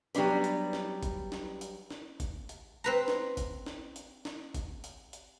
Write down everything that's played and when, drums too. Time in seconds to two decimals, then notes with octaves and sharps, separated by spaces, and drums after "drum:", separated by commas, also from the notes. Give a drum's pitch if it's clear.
0.15 F#3 G3 B3 D4 B4, drum: hi-hat
0.44 drum: hi-hat
0.73 drum: snare
1.03 drum: kick, hi-hat
1.32 drum: snare
1.61 drum: hi-hat
1.91 drum: snare
2.20 drum: kick, hi-hat
2.49 drum: hi-hat
2.84 C4 B4 A#5
3.08 drum: snare
3.37 drum: kick, hi-hat
3.66 drum: snare
3.96 drum: hi-hat
4.25 drum: snare
4.54 drum: kick, hi-hat
4.84 drum: hi-hat
5.13 drum: hi-hat